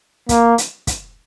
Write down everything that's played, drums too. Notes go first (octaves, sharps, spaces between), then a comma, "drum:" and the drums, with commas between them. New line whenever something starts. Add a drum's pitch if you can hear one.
A#3, drum: kick, hi-hat
drum: hi-hat
drum: kick, hi-hat